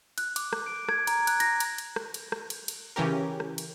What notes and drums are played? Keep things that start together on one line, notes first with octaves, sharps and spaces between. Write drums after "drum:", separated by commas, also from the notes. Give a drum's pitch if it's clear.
F#6, drum: cymbal
D6, drum: cymbal
drum: rim click
D7
G#6, drum: rim click
A#5, drum: cymbal
F#6, drum: cymbal
A#6, drum: cymbal
drum: cymbal
drum: cymbal
drum: rim click
drum: cymbal
drum: rim click
drum: cymbal
drum: cymbal
C#3 E3 C#4 G4 A#4
drum: rim click
drum: cymbal